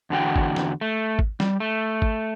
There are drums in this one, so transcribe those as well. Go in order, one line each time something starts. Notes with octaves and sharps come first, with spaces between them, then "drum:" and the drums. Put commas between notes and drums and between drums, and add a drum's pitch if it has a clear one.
E2 D3 F#4 G5
drum: kick G#1
drum: snare
A3
drum: kick G#1
G3, drum: snare
A3
drum: kick G#1